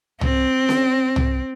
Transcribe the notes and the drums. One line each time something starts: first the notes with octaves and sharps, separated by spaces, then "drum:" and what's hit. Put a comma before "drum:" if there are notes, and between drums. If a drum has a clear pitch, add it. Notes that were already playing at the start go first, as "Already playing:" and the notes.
C4, drum: tom C2
drum: snare C#4
drum: tom C2